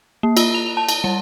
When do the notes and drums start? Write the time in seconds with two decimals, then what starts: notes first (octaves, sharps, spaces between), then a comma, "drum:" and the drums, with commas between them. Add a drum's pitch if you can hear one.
0.23 A#3
0.37 F4, drum: cymbal
0.54 F7
0.77 A5
0.89 drum: cymbal
1.04 G3